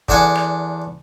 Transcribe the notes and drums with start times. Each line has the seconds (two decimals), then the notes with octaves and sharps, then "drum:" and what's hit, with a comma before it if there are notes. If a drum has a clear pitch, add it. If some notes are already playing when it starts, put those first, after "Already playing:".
0.09 E2 D4 A4 F#5 G#5 D6, drum: kick
0.35 drum: rim click